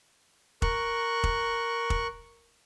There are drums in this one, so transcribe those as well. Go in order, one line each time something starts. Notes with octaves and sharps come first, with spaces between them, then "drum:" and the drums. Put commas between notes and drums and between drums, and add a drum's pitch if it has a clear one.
A#4 C#6 F#6, drum: kick F1
drum: kick F1
drum: kick F1